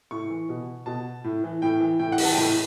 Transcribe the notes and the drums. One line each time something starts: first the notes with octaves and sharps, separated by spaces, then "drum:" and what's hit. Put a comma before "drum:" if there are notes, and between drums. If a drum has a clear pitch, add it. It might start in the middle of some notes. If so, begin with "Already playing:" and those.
A2 C#6
E3
B2
B2 A5
A2
E3
A2 G5
E3
A2 G5
F#5
E3, drum: open hi-hat
A5
G5
A2 A5